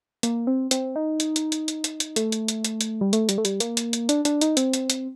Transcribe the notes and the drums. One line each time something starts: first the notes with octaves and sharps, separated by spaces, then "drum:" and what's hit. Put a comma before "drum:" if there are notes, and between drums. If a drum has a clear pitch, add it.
A#3, drum: hi-hat
C4
C4, drum: hi-hat
D#4
drum: hi-hat
drum: hi-hat
drum: hi-hat
drum: hi-hat
drum: hi-hat
drum: hi-hat
A3, drum: hi-hat
drum: hi-hat
drum: hi-hat
drum: hi-hat
drum: hi-hat
G3
A3, drum: hi-hat
G3, drum: hi-hat
A3
G3, drum: hi-hat
A#3, drum: hi-hat
drum: hi-hat
drum: hi-hat
D4, drum: hi-hat
D4, drum: hi-hat
D#4, drum: hi-hat
C4, drum: hi-hat
drum: hi-hat
drum: hi-hat